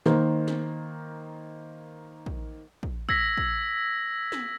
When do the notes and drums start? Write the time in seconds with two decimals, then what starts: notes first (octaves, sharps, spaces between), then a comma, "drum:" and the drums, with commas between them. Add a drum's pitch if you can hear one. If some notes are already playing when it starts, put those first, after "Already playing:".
0.06 D#3 A#3 C5, drum: snare
0.47 drum: snare
2.26 drum: kick
2.83 drum: kick
3.09 E6 G#6 A#6 B6, drum: kick
3.37 drum: kick
4.32 drum: snare